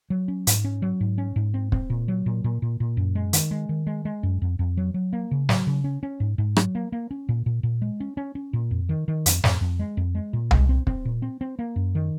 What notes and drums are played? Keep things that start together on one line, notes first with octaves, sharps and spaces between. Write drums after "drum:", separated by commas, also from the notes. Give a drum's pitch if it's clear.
F#3
C#4
G#2, drum: hi-hat
C#4
F#3
G#2
C#4
G#2
C4
C4, drum: kick
A#2
F#3
A#2
A#2
A#2
A#2
F#2
G#3
D#3, drum: hi-hat
G#3
D#3
G#3
G#3
F#2
F2
F2
F#3
F#3
A#3
C#3
F#3, drum: snare
C#3
C#4
C#4
G#2
G#2
F#3, drum: rim click
A#3
A#3
C#4
A#2
A#2
A#2
G#3
C#4
C#4
C#4
A#2
F2
D#3
D#3
F2, drum: hi-hat
F2, drum: snare
F2
G#3
F2
G#3
A#2
G#3, drum: tom C2
C4
C4, drum: kick
A#2
C4
C4
A#3
F#2
D#3